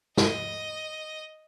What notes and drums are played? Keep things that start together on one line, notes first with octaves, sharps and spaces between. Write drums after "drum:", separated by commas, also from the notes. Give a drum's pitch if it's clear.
D#5, drum: snare